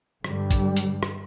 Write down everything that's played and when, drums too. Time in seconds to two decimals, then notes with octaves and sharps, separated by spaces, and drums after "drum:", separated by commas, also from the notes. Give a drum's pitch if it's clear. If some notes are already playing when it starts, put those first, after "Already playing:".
0.24 G2 D3 G3, drum: rim click
0.51 drum: kick, hi-hat
0.77 drum: hi-hat
1.03 drum: rim click